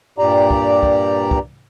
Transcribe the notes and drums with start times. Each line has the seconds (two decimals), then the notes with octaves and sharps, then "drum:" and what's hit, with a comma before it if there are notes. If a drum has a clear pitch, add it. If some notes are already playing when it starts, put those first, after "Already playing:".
0.18 G2 A#2 G4 D5 A#5
0.51 drum: kick
0.83 drum: kick
1.31 drum: kick